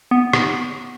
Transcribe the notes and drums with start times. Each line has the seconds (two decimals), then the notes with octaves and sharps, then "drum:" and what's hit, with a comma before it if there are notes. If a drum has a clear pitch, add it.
0.11 B3
0.33 drum: rim click